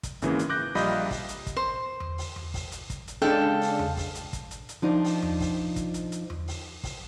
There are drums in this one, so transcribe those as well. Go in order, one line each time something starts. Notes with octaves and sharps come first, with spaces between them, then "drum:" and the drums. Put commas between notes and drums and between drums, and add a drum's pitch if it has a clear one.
drum: kick, hi-hat
G#1 C#3 E3 A#3, drum: hi-hat
drum: hi-hat
D6 F#6 G6 A#6
A#1 G3 F4 D#5 B5 G6, drum: open hi-hat
drum: kick, open hi-hat
drum: hi-hat
drum: kick, hi-hat
C5
drum: tom E2
drum: open hi-hat
drum: tom E2
drum: kick, open hi-hat
drum: hi-hat
drum: kick, hi-hat
drum: hi-hat
C#3 G#3 D4 A4 F5 G5
drum: open hi-hat
drum: tom E2
drum: kick, open hi-hat
drum: hi-hat
drum: kick, hi-hat
drum: hi-hat
drum: hi-hat
F3 D4 D#4 F4
drum: open hi-hat
drum: tom E2
drum: kick, open hi-hat
drum: kick, hi-hat
drum: hi-hat
drum: hi-hat
drum: tom E2
drum: open hi-hat
drum: kick, open hi-hat